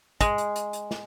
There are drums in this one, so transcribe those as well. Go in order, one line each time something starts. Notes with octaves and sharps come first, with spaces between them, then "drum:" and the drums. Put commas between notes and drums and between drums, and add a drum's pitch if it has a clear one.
G#3, drum: kick, hi-hat
drum: hi-hat
drum: hi-hat
drum: hi-hat
drum: snare